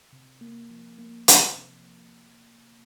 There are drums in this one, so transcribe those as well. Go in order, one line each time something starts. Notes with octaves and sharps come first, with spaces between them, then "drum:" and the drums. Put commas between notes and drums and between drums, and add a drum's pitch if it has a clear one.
C3
A#3
F3
A#3
C3, drum: hi-hat
C3